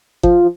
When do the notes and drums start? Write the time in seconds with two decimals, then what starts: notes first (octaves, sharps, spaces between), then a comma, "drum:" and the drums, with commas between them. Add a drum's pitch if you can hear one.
0.23 F3, drum: kick G1